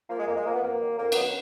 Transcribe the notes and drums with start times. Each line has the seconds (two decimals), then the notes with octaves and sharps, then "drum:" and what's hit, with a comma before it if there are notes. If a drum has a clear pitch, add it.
0.09 F3 A#3
0.19 G#3
0.27 F2 A#3
0.35 G#3
0.45 F3 A#3
0.54 B3
0.62 F2 A#3
0.81 D#3 F#3
0.99 F2 A#3
1.12 D#3 F#3 B3, drum: cymbal